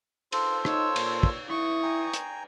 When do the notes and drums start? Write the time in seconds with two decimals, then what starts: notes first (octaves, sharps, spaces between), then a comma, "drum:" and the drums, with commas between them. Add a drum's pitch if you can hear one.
0.32 F4 A4 C5, drum: cymbal
0.65 D#4 C#5 E6, drum: rim click
0.96 A#2, drum: cymbal
1.23 drum: kick
1.50 E4 C#6 D#6
1.83 G5 G#5 A#5
2.14 drum: hi-hat